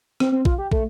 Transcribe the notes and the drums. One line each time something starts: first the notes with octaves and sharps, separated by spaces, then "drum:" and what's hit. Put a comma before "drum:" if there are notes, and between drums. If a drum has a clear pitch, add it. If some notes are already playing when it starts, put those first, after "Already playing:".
C4, drum: rim click
C4
F4, drum: kick
G4
A3, drum: kick